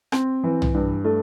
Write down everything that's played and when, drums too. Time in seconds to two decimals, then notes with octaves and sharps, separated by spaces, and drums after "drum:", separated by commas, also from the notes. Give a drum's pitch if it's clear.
0.12 C4, drum: rim click
0.43 E3
0.62 drum: tom
0.74 G2
1.04 A3